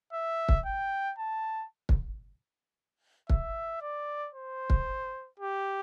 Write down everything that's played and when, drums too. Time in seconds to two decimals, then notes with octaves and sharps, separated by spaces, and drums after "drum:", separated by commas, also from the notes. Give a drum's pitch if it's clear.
0.13 E5
0.49 drum: kick
0.66 G5
1.19 A5
1.89 drum: kick
3.30 E5, drum: kick
3.82 D5
4.34 C5
4.70 drum: kick
5.40 G4